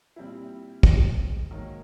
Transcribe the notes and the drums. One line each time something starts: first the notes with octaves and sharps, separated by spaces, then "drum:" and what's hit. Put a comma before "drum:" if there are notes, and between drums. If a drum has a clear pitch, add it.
A#2 G3 C4 E4
F1 E2 C3 D#3 G#3, drum: kick
G#2 D#3 F#3 A#3